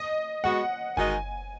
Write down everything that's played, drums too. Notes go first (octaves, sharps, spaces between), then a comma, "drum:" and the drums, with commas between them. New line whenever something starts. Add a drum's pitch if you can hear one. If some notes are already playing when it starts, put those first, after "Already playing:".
Already playing: D#5
G#3 B3 F#4 F#5
D#3 G#3 D#4 F#4 D#5 G#5, drum: kick G1